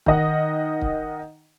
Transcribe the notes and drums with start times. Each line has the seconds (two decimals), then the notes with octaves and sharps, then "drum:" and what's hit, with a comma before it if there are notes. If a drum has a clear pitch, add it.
0.06 D#3 D#5 F#5, drum: kick C#1
0.82 drum: kick C#1